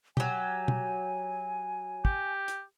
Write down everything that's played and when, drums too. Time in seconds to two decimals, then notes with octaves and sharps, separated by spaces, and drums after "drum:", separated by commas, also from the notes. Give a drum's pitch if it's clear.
0.17 F#3 G4 G#5, drum: tom B2
0.68 drum: tom B2
2.05 G4, drum: kick
2.48 drum: hi-hat